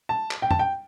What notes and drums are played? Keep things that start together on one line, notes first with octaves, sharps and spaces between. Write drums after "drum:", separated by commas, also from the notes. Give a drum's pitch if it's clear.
A5
drum: clap
G5
A5, drum: tom F2
G5